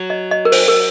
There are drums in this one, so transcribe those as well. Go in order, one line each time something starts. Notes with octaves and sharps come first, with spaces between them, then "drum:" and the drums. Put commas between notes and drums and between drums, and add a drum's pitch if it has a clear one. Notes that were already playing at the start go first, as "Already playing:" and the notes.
Already playing: F#3
D#5
D#5
A#4
C5, drum: open hi-hat
A#4